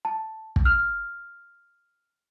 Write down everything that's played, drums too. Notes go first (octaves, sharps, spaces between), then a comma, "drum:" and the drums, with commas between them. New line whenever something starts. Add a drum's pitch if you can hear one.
A5
drum: kick
F6